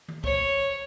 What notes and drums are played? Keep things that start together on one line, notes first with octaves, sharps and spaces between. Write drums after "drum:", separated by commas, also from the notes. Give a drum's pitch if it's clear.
drum: tom D#3
C#5, drum: kick